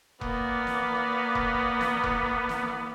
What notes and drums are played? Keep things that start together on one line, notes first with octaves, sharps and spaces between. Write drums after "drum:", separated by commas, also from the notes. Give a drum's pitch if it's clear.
A#3 B3 D5, drum: kick E1
drum: snare
drum: kick E1
drum: snare
drum: kick E1
drum: snare